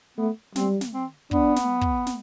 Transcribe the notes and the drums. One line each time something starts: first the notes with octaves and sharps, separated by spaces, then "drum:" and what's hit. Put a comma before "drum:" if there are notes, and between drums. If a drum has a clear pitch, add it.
A3 B3
G3 C4, drum: snare
drum: snare
C4
B3 D4, drum: kick
drum: snare
drum: kick
drum: snare